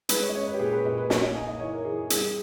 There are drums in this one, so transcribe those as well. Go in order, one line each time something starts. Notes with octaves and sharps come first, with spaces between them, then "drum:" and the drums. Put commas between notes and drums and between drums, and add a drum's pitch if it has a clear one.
G#3 B4, drum: hi-hat
C#5
D#5
C#4 C#5
B4
G4
A#2 G#4
B4
A#2 D#5
B4
A#3 C#5, drum: snare
D#5
D#4 G#5
D#5
E3 C#5
A#4
E3 G#4
G#4
G3 G#4, drum: hi-hat